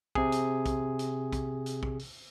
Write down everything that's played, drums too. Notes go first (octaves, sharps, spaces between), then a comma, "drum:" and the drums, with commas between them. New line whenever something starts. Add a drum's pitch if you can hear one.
C3 G#4, drum: kick
drum: hi-hat
drum: kick, hi-hat
drum: hi-hat
drum: kick, hi-hat
drum: hi-hat
drum: kick
drum: open hi-hat